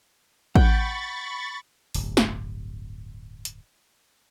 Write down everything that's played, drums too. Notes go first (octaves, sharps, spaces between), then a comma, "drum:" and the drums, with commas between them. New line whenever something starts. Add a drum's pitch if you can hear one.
F#5 G5 B5 C#6 A6, drum: kick
D1 G1, drum: open hi-hat
drum: snare
drum: hi-hat